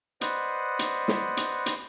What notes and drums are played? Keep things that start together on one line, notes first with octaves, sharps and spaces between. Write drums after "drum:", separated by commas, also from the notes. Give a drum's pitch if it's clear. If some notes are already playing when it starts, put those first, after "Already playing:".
B4 C5 D5 D#5 F#5, drum: hi-hat
drum: hi-hat
drum: snare
drum: hi-hat
drum: hi-hat